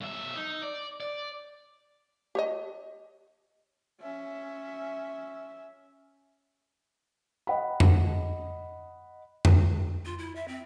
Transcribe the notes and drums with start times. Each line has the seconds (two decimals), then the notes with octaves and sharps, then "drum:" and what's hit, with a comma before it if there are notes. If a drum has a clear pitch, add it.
0.01 B1 E5
0.36 D#4
0.62 D5
1.00 D5
2.35 G4 C#5 D#5
4.01 C#4 E5
7.47 D#5 F#5 B5
7.80 drum: tom F2
9.45 drum: tom F2
10.05 F4
10.19 E4
10.36 E5
10.48 C4